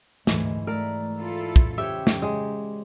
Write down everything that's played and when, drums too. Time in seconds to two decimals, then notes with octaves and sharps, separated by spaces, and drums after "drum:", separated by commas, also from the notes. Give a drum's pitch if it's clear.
0.27 D2 G#2 E3, drum: snare
0.67 A3 A#4 D5 E6
1.17 E4 F4 A4
1.56 drum: kick
1.78 C#3 G4 C5 C#5 E5
2.07 drum: snare
2.22 G#3